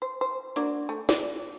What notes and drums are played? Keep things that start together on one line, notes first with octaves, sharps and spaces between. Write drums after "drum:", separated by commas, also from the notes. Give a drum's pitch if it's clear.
C5
C5
A#3 D4 F#4, drum: hi-hat
A3
D5, drum: snare